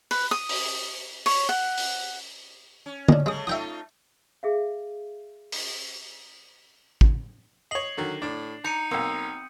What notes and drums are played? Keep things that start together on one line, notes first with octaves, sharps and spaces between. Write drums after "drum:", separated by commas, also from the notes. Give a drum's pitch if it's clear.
B4, drum: open hi-hat
D#6
drum: open hi-hat
C#5, drum: open hi-hat
F#5
drum: open hi-hat
C#4
D4 D#5, drum: tom
C#3 G#3 A3 D#6
A3 D#4 F4 E5 G5 D#6
G#4 E5 F5
drum: open hi-hat
drum: kick
C#5 D#5 C7 F#7
D3 D#3 F#3
A2 D4
D#4 A#5 G6 C#7 D#7
B1 A#3 C4 D#6